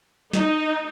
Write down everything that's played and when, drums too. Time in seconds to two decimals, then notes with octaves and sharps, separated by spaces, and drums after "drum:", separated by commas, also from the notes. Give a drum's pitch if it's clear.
0.33 D#4, drum: snare